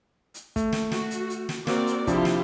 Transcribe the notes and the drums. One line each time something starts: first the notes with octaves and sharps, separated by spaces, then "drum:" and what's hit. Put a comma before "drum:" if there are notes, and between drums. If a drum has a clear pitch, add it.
drum: hi-hat
A3, drum: kick, hi-hat
drum: snare
F#4, drum: snare
drum: hi-hat
drum: hi-hat
drum: snare
A#3 C4 F#4 A#4 D5, drum: snare
drum: hi-hat
C3 F3 D4 E4 F4 G4, drum: kick, hi-hat
drum: snare